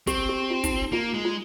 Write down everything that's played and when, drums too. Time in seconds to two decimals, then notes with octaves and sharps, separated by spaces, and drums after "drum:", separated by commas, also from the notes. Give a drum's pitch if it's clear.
0.07 C4 G4, drum: kick, hi-hat
0.29 G4
0.50 F4
0.64 D#4, drum: kick, hi-hat
0.92 A#3 F4
1.14 G#3 F4
1.25 F4